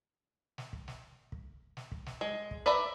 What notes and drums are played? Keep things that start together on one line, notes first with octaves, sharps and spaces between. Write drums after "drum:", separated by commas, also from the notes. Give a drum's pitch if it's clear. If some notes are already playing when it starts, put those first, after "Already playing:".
drum: snare
drum: kick
drum: snare
drum: kick
drum: snare
drum: kick
drum: snare
G#3
drum: kick
B4 D5 E5 A#5 B5